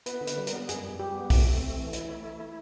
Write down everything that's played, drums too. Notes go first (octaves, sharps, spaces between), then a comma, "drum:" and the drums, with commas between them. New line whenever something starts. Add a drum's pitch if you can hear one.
B3 B4, drum: hi-hat
D3
B4, drum: hi-hat
G3
A#4, drum: hi-hat
B3
F#2 G#4, drum: hi-hat
G3
G3 G4
B3
A3, drum: kick, open hi-hat
C4
A3
E3
E4, drum: hi-hat
A3
E4
E4